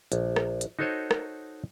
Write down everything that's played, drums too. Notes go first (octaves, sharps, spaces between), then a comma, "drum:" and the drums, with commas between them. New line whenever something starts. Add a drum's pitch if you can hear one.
A#1, drum: hi-hat
drum: rim click
drum: hi-hat
D#4 F#4 A4 C5 C#5 D#5
drum: rim click